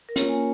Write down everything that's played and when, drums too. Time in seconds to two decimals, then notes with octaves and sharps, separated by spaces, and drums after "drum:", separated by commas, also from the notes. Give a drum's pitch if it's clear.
0.09 A#4
0.16 A#3 C#4 F4 C#5, drum: hi-hat
0.28 G#5